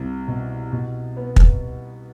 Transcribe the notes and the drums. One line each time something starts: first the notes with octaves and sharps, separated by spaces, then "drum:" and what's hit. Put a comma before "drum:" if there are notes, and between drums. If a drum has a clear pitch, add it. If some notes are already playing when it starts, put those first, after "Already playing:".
Already playing: C2
B2
B2
B3
drum: kick